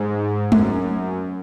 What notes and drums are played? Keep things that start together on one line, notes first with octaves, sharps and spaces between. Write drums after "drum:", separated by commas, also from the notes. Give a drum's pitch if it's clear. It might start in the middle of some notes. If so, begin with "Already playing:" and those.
Already playing: G#2
F#2, drum: tom G#3